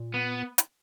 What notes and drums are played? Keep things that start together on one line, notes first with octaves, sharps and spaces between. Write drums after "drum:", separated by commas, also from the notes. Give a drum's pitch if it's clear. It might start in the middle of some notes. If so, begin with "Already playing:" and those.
Already playing: A#2
B3
drum: hi-hat